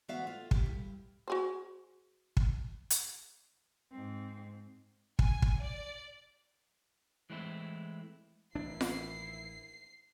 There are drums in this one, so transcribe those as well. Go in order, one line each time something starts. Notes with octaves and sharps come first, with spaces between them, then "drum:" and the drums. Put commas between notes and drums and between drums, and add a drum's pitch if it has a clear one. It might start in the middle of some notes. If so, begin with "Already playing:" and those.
D2 E3 B3 F#4 E5 F5
F4
E4 G4, drum: kick
G2
F#4 G#4 C5
drum: kick
drum: hi-hat
G#2 C4
G#5, drum: kick
drum: kick
D5
E3 G#3 A3 C4 E4
A1 D#3 A#3 D4 E4 C7
drum: snare F4